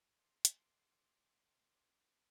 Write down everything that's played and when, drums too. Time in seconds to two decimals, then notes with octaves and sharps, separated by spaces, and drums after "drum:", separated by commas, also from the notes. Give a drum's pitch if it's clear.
0.11 C6 D6
0.45 drum: hi-hat